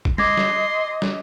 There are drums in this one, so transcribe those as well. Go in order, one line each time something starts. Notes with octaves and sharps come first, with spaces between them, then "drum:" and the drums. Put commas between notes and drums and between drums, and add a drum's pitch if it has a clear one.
drum: kick G#1
D#5 C6 D6 G#6 A#6, drum: tom G#3
drum: snare
drum: snare